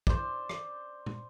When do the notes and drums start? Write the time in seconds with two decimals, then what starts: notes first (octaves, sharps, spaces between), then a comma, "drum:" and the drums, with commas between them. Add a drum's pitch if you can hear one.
0.07 C5 D5, drum: kick
0.49 drum: rim click
1.06 drum: tom